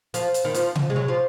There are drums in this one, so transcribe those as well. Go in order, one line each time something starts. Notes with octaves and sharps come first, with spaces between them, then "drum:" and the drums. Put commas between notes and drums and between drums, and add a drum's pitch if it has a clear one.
F3, drum: hi-hat
drum: hi-hat
D#3
F3, drum: hi-hat
drum: tom C3
G#3
F#3
F3